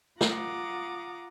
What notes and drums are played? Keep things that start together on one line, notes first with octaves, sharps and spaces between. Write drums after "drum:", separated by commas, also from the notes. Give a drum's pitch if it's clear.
F4 F#5 A#5 D6 D#6, drum: snare